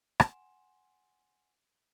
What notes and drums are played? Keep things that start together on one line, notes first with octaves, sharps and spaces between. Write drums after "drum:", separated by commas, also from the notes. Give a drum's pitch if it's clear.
F#5 G#5 C6 E7, drum: rim click